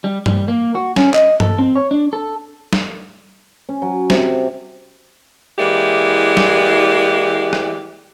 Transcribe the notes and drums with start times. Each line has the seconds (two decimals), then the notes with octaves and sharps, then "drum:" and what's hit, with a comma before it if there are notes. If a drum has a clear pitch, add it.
0.04 G3
0.26 G3, drum: tom G2
0.48 A#3
0.75 F#4
0.96 C#4, drum: snare
1.14 D#5, drum: clap
1.40 A4, drum: tom G2
1.59 C4
1.75 C#5
1.91 D4
2.13 A4
2.73 drum: snare
3.69 C#4
3.82 F#3
4.10 C3, drum: snare
5.59 E3 G#3 A#3 E4 G4 D5
6.37 drum: snare
7.53 drum: rim click